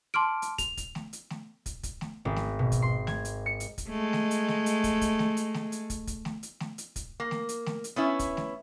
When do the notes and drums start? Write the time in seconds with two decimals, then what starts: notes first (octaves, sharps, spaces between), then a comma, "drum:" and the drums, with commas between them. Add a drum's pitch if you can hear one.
0.14 A5 C6 D6 F6 D7
0.42 drum: hi-hat
0.58 F7, drum: kick, hi-hat
0.77 drum: kick, hi-hat
0.95 drum: snare
1.13 drum: hi-hat
1.30 drum: snare
1.66 drum: kick, hi-hat
1.83 drum: kick, hi-hat
2.01 drum: snare
2.25 G#1
2.36 drum: snare
2.59 B2
2.72 drum: kick, hi-hat
2.82 C6
3.07 G#6, drum: snare
3.25 drum: hi-hat
3.46 C#7
3.60 drum: hi-hat
3.78 drum: kick, hi-hat
3.89 G#3 A3
4.13 drum: snare
4.31 drum: hi-hat
4.48 drum: snare
4.66 drum: hi-hat
4.84 drum: kick, hi-hat
5.01 drum: kick, hi-hat
5.19 drum: snare
5.37 drum: hi-hat
5.54 drum: snare
5.72 drum: hi-hat
5.90 drum: kick, hi-hat
6.07 drum: kick, hi-hat
6.25 drum: snare
6.43 drum: hi-hat
6.60 drum: snare
6.78 drum: hi-hat
6.96 drum: kick, hi-hat
7.20 A#3
7.31 drum: snare
7.49 drum: hi-hat
7.66 drum: snare
7.84 drum: hi-hat
7.96 B3 C#4 E4
8.19 drum: kick, hi-hat
8.37 drum: snare